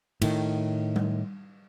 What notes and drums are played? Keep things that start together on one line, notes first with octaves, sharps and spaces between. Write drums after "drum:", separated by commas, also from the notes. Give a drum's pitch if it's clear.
A2 D#3, drum: cymbal
drum: tom G3